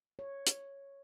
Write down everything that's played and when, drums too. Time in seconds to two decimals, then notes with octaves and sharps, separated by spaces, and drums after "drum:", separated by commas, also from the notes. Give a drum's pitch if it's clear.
0.19 C#5
0.47 drum: hi-hat